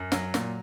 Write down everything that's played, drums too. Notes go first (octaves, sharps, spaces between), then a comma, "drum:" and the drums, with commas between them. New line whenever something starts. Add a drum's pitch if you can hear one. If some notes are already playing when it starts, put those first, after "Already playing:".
Already playing: F#2
F#3, drum: snare
A#2, drum: snare